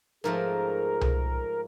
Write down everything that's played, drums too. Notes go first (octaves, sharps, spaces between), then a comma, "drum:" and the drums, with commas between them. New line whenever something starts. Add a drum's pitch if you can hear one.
G#2 F3 A3 G#4 A#4
drum: tom C2